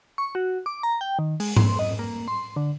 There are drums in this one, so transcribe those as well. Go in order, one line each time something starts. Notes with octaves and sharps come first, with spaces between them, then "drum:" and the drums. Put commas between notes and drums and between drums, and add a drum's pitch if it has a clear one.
C#6
F#4
D6
A#5
G5
D#3
G#3, drum: open hi-hat
C6, drum: tom G#2
D#5
A#3
C6
D3